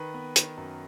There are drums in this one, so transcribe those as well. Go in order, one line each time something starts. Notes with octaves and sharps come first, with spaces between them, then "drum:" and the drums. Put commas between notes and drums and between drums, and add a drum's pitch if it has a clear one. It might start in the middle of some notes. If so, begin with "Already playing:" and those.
Already playing: D#3 B4
B3
D#3, drum: hi-hat
F#2